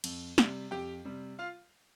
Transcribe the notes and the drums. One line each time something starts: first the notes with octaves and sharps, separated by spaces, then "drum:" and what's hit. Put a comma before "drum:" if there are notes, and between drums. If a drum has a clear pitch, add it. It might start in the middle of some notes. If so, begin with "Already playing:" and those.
F2, drum: cymbal
C3 G3, drum: snare
F2 G4 G5
C3 G3
F4 F5